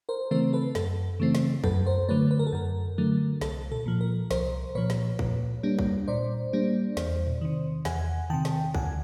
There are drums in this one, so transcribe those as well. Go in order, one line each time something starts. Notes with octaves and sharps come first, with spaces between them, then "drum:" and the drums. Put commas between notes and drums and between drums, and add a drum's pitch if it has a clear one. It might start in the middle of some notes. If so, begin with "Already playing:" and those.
A#4 C5
C#3 E3 A3 C4 A#4 C5
A4 B4
F#2 A4, drum: snare
C#3 E3 A3 C4
drum: snare
F#2 A4 B4, drum: kick
A#4 C5
D3 F#3 A3 B4 C#5
B4
A#4
A4
F#2 A#4
D3 F#3 A3
C2 A4, drum: snare
A4, drum: tom A#2
A#2 F3
A#4
C2 A#4 C5, drum: snare
A#2 F3 B4 C#5
drum: snare
A#2, drum: kick
G3 A#3 D4
drum: kick
A#2 C5 D5
G3 A#3 D4
E2, drum: snare
drum: tom A#2
C3 D#3
E2 F#5 G#5, drum: snare
C3 D#3 G5 A5
drum: snare
D2 F#5 G#5, drum: kick